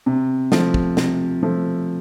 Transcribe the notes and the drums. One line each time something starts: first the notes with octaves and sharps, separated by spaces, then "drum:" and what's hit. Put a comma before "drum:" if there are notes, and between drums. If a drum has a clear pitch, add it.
C3
F3 A3, drum: snare
drum: kick
C3, drum: snare
F3 A3